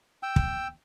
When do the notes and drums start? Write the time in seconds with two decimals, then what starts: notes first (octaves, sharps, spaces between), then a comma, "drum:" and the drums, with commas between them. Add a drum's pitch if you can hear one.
0.23 G5 E6
0.36 drum: kick